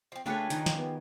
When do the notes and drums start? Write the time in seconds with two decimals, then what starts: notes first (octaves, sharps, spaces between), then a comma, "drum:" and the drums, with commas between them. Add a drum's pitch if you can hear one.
0.12 F3 C4
0.26 C#3 A3 D4 F4 G4 B4 C#5
0.50 D#3 D#4, drum: hi-hat
0.66 drum: snare
0.77 B3